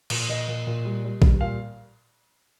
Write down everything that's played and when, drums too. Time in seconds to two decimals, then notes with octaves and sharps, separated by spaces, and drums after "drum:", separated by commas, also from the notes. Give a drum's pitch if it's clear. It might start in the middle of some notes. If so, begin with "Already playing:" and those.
0.10 A#2, drum: cymbal
0.29 A#2 D#5
0.48 A#2
0.67 A#2
0.85 G3
1.04 G3
1.22 G3, drum: kick
1.41 A#2 F5